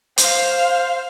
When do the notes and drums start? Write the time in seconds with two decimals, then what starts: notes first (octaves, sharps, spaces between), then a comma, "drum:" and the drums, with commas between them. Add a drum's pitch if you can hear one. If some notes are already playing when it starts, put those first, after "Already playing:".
0.18 C5 F5, drum: hi-hat